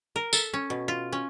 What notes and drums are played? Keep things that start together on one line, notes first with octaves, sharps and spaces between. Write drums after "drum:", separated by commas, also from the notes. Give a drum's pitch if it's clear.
A#4
A4, drum: tambourine
C#4
B2
F4
C#4